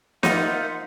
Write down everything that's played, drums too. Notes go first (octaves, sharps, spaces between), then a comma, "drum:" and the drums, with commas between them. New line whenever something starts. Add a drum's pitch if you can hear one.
A#3 D#4 F4 C5 E5 F#5, drum: snare